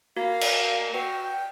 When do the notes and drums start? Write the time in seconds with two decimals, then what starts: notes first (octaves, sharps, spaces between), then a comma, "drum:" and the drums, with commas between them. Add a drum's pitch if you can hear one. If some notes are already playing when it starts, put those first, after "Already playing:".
0.17 A#3 F#4 F5
0.41 drum: cymbal
0.94 F#4 B4 G5